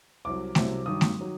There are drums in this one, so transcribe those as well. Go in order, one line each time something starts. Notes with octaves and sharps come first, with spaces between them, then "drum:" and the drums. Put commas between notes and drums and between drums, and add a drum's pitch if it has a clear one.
C2 C3 F#3 D6
C2 C3 F#3, drum: snare A3
G2 D#3 F#3 D#6
drum: snare A3
D#3 F#3